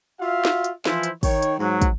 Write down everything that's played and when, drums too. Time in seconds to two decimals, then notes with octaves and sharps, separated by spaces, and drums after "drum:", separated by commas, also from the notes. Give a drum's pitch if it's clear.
0.21 F4 F#4 E5 F5
0.45 drum: snare
0.64 drum: hi-hat
0.85 E3 F3 E4 F4 C5, drum: snare
1.03 drum: hi-hat
1.23 D#3 C#5, drum: kick, open hi-hat
1.42 drum: hi-hat
1.59 G#2 F#3
1.82 drum: kick, hi-hat